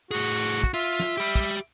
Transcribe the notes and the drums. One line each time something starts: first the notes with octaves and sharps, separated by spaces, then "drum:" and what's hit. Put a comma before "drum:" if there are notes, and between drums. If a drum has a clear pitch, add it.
A2 F#4 G#4
drum: kick, hi-hat
F4 E5
drum: snare
G4 B5
drum: kick, hi-hat